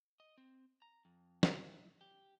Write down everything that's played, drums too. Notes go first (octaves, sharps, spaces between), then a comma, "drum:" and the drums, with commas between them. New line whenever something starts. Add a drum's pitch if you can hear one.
D#5
C4
A#5
F2
E4, drum: snare
G4